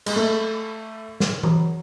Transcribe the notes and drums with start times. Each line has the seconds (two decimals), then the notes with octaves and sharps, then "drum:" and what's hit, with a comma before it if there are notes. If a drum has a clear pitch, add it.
0.06 G#3, drum: cymbal
0.16 A3
1.20 drum: snare
1.43 F#3, drum: tom E3